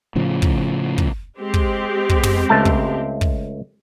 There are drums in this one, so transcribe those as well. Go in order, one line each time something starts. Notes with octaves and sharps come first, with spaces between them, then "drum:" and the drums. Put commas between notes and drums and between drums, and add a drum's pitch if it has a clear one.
A2 C#3 F3
drum: kick
drum: kick
G#3 C4 G4
drum: kick
drum: kick
drum: tom
C#2 A3 A5
drum: kick
drum: kick